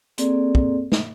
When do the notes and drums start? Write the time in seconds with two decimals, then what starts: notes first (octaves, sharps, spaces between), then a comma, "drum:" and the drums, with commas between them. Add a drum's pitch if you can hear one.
0.18 A#3 C4 G#4 A4 D5, drum: hi-hat
0.55 drum: kick
0.92 drum: snare